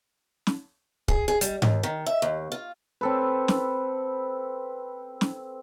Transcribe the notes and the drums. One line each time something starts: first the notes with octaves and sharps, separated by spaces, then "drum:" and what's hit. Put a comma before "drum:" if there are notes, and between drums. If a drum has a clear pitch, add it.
drum: snare
G#4, drum: kick
G#4
G3, drum: hi-hat
D#2, drum: tom G#2
D#3
E5
D#2
F4
C4 A4 B4
drum: snare
drum: snare